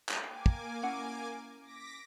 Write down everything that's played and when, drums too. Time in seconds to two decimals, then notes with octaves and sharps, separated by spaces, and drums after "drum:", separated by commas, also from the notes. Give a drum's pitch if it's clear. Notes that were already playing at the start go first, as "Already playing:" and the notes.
0.09 drum: clap
0.24 A#3 G5 G#5 D6
0.46 drum: kick
0.83 C#4 E4 F#5
1.62 D6 A#6 B6